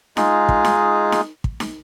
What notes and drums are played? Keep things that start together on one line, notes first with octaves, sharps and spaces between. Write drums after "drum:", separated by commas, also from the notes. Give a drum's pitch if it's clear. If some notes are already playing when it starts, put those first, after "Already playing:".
G#3 D#4 F4 G#4, drum: snare D#4
drum: kick
drum: snare D#4
drum: snare D#4
drum: kick
drum: snare D#4